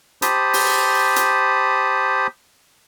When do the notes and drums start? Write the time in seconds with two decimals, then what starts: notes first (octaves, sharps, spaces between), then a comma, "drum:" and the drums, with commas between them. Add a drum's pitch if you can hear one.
0.22 G4 C5 A5 B5 D#6, drum: hi-hat
0.53 drum: open hi-hat
1.16 drum: hi-hat